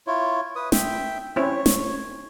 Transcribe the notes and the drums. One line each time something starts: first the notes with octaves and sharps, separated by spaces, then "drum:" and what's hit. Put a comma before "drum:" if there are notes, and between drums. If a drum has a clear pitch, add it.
E4 F4 C#5
B4 D#6
E5 G5, drum: snare
C4 C#4 E4 C#5
drum: snare